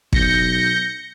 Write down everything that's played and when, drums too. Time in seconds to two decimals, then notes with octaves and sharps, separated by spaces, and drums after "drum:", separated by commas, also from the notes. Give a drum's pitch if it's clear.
0.13 B1 G6 A#6 C#7, drum: kick